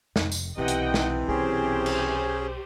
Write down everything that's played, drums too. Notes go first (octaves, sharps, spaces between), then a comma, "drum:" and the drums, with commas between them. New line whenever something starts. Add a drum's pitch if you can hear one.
F1 F2, drum: snare
drum: tambourine
B1 C3 E3 D#5 F#5 G5
drum: hi-hat
drum: snare
B1 B2 C#4 G4 G#4 C5
drum: cymbal